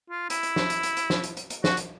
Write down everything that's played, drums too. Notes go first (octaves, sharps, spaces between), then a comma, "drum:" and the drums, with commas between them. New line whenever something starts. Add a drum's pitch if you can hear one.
F4
E4, drum: hi-hat
drum: hi-hat
drum: snare
drum: hi-hat
drum: hi-hat
drum: hi-hat
drum: snare
drum: hi-hat
drum: hi-hat
drum: hi-hat
F#4, drum: snare
drum: hi-hat